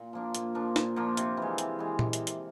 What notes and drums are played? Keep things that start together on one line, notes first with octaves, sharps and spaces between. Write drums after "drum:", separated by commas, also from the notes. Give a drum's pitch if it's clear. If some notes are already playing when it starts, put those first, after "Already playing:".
Already playing: A#2
F3 A#3 D4
A#2, drum: hi-hat
F3 A#3 D4
A#2, drum: snare
F3 A#3 D4
C3, drum: hi-hat
E3 G#3
C3, drum: hi-hat
E3 G#3
C3, drum: tom A#2
drum: hi-hat
drum: hi-hat